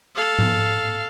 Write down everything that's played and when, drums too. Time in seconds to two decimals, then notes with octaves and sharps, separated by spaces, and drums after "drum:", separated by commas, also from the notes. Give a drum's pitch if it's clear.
0.16 A4 F5
0.39 drum: tom